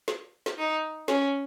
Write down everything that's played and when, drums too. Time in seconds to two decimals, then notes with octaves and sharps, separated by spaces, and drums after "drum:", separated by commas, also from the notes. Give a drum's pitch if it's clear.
0.08 drum: snare
0.46 drum: snare
0.58 D#4
1.08 C#4, drum: snare